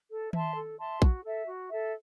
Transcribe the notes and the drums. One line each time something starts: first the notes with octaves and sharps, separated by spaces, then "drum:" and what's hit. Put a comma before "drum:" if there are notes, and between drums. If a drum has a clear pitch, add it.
A4
E5 A5 C6, drum: tom D#3
A4
E5 A5 C6
F#4, drum: kick A#1
A4 E5
F#4
A4 E5